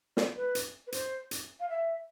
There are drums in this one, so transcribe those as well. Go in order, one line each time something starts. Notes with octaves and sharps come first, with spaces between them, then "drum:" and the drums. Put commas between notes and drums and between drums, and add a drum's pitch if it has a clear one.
C5, drum: snare
B4
drum: hi-hat
B4
C5, drum: hi-hat
drum: hi-hat
F5
E5